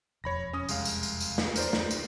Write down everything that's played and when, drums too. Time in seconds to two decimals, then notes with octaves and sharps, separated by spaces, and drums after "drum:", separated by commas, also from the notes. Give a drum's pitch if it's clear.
0.24 E1 F2 C#5 B5 A#6
0.53 C#4 D#6
0.69 C2 G#3 F5, drum: tambourine
0.85 drum: tambourine
1.03 drum: tambourine
1.20 drum: tambourine
1.38 drum: snare
1.56 A#4 C5 D5, drum: tambourine
1.73 drum: snare
1.91 drum: tambourine